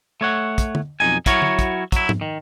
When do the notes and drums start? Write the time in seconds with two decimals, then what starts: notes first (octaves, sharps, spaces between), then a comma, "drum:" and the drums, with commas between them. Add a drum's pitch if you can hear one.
0.21 A3 C#5 F#5
0.58 drum: kick, hi-hat
0.75 drum: tom
1.00 B1 F2 D#4 G#5
1.26 F#3 E4 F#4 A#4 C#5, drum: kick, hi-hat
1.42 drum: tom
1.59 drum: kick, hi-hat
1.92 F#3 E4, drum: kick, hi-hat
2.09 drum: tom G#2
2.21 D#3